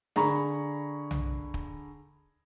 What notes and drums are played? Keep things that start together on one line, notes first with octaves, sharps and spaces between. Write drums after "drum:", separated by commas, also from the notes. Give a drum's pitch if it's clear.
D3 G#4 A#5 B5 C#6, drum: snare
drum: tom B1
drum: kick